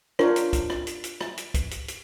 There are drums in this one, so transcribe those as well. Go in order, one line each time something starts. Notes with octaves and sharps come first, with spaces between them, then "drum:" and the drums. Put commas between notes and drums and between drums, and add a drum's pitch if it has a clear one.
D4 F4 A#4 C5 C#5, drum: rim click
drum: hi-hat
drum: kick, hi-hat
drum: rim click
drum: hi-hat
drum: hi-hat
drum: rim click
drum: hi-hat
drum: kick, hi-hat
drum: hi-hat
drum: hi-hat